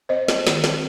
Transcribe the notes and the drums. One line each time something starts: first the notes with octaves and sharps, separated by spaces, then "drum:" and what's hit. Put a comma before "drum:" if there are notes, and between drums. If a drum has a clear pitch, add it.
C4 C5 D#5
C4, drum: snare
D#3, drum: snare
C4, drum: snare